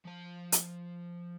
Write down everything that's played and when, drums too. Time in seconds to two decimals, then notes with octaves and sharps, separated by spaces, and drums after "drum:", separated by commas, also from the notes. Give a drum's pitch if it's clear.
0.05 F3 A5
0.52 drum: hi-hat